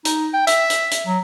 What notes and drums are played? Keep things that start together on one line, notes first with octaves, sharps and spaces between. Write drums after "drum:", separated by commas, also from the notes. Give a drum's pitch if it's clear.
D#4, drum: hi-hat
G5
E5, drum: hi-hat
drum: hi-hat
drum: hi-hat
F#3